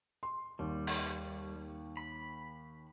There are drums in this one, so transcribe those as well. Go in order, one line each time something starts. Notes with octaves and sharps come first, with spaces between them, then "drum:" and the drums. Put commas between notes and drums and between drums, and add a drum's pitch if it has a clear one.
C6
D#2 G3
drum: open hi-hat
B5